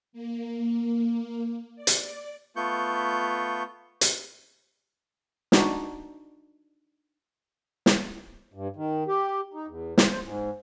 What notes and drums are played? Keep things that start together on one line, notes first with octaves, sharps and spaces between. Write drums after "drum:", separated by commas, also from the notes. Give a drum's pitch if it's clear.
A#3
D5
drum: hi-hat
A3 B3 F4 C#6 G6
drum: hi-hat
D4 D#4 F#4, drum: snare
drum: snare
G2
D#3
G4
D#4
E2
C5, drum: snare
C5
G#2